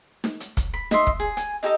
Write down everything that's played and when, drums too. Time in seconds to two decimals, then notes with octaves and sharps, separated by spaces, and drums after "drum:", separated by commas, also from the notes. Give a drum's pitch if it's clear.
0.24 drum: snare D#4
0.40 drum: hi-hat
0.57 drum: kick, hi-hat
0.74 B5
0.91 D#5 E5 C6, drum: snare D#4
1.07 drum: kick
1.20 G#4
1.37 G#5, drum: hi-hat
1.63 D#4 G4 A4 D#5